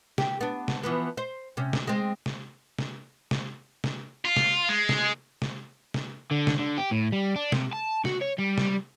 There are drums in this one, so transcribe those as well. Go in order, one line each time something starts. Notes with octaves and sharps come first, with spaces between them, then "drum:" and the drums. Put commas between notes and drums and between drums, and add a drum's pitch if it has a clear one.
G4, drum: snare
B3 D4
drum: snare
E3 F3 B3
C5
C3 C#4
drum: snare
G#3 C4
drum: snare
drum: snare
drum: snare
drum: snare
F4
drum: snare
G#3
drum: snare
drum: snare
drum: snare
D3
drum: snare
D3
G4
A2
G3
D4
C3, drum: snare
A5
F#4, drum: snare
C#5
G3
drum: snare